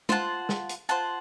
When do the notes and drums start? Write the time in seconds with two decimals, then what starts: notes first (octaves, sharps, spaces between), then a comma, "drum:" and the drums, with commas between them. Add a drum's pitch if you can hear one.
0.09 F4 C5 F#5 A5, drum: tom
0.49 drum: snare
0.69 drum: hi-hat
0.89 F4 C5 F#5 A5